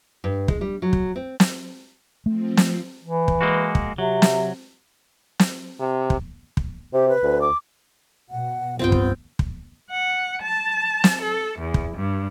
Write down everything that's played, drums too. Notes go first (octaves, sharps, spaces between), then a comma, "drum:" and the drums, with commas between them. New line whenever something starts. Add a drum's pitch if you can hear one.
G2
G#3, drum: kick
G3
F#3
drum: kick
C4
drum: snare
F3 A3 C4
drum: snare
E3
drum: kick
G#3 A#3 F#4
drum: kick
C3 F#3
drum: snare
drum: snare
C3
drum: kick
drum: kick
C3 G4
B4
D2
D6
B2 F#5
C2 G2 B3 C4 F4 G5
drum: kick
drum: kick
F#5
A5
drum: snare
A4
E2
drum: kick
G2